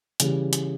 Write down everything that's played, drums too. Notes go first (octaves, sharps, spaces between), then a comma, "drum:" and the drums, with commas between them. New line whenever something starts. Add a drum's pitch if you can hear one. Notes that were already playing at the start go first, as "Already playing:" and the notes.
C#3 E3 G3, drum: hi-hat
drum: hi-hat